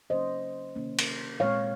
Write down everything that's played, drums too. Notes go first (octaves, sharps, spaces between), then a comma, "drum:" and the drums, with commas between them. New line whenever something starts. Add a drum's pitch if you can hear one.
C#3 F#3 A#3 C#4 C5 D#5
C3 D#3 A#3 C#4
drum: cymbal
A#2 G#3 C4 C#5 F5